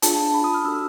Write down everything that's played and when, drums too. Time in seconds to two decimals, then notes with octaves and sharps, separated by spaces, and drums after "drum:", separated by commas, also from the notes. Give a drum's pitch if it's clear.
0.02 D4 F4 G#4 A5, drum: hi-hat
0.34 B5
0.44 D#6
0.54 F6
0.65 D4 F#4 A4 E6